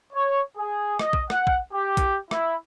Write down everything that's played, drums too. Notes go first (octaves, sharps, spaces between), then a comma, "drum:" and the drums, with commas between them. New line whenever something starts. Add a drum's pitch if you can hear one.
C#5
G#4
D#5, drum: rim click
drum: kick
F#5, drum: rim click
drum: kick
G4
drum: kick, hi-hat
E4, drum: rim click